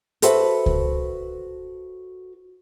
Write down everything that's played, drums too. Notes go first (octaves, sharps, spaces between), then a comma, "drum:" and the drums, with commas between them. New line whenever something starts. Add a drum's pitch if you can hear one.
F#4 A4 B4 C5 E5 F#5, drum: hi-hat
drum: kick C#2